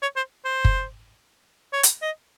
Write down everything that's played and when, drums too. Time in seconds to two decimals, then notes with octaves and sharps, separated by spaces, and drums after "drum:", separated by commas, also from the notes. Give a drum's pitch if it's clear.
0.02 C#5
0.17 C5
0.45 C5
0.65 drum: kick
1.73 C#5
1.83 drum: hi-hat
2.02 D#5